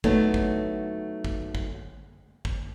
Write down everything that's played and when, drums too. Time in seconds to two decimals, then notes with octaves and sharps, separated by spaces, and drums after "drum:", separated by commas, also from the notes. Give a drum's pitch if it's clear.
0.04 F#3 A3 B3 D#4 E4, drum: kick
0.34 drum: kick
1.24 drum: kick
1.55 drum: kick
2.45 drum: kick